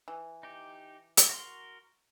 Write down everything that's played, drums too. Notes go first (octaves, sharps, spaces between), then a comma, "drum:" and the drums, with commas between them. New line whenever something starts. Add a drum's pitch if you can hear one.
E3
D#4 G4
drum: hi-hat
F#4 A#4 C6